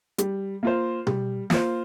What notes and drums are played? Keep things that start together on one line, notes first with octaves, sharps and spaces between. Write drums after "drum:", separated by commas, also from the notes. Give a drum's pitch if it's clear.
G3, drum: hi-hat
A#3 F4 C5
G3, drum: tom B2
A#3 F4 C5, drum: snare